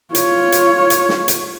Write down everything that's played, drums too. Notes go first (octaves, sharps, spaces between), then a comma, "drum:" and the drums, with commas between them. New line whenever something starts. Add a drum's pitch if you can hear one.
F4 C#5, drum: hi-hat
drum: hi-hat
drum: hi-hat
drum: snare
drum: hi-hat